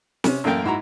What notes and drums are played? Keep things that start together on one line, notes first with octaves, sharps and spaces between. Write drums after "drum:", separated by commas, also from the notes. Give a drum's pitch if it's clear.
C3 C#4, drum: snare
A1 F#2 A3 A#3 G5
G#2 E4 F#4 A#5